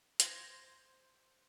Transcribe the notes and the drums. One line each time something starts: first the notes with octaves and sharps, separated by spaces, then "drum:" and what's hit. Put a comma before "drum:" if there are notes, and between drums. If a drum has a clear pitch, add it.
C5 G#6 A#6, drum: hi-hat